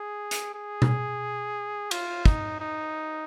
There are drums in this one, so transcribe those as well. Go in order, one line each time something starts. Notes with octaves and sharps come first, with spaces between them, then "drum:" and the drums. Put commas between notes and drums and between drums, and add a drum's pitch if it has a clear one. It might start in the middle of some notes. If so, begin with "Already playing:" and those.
Already playing: G#4
drum: hi-hat
G#4
drum: tom B2
F4, drum: cymbal
D#4, drum: kick
D#4